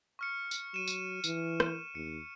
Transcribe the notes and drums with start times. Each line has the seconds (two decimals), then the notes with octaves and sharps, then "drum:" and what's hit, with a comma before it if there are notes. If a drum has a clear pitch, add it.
0.19 C#6 F6 C#7
0.51 drum: tambourine
0.74 F#3 D#7 E7
0.88 drum: tambourine
1.24 E3, drum: tambourine
1.60 drum: rim click
1.95 D#2 C#7